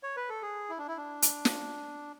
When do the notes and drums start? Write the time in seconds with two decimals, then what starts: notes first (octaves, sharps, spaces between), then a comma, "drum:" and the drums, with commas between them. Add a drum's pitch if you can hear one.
0.03 C#5
0.17 B4
0.29 A4
0.42 G#4
0.70 E4
0.78 D4
0.88 E4
0.97 D4
1.22 drum: hi-hat
1.45 drum: snare